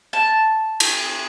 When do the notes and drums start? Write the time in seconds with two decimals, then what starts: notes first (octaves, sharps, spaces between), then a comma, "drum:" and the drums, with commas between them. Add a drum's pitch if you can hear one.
0.13 A5
0.80 drum: cymbal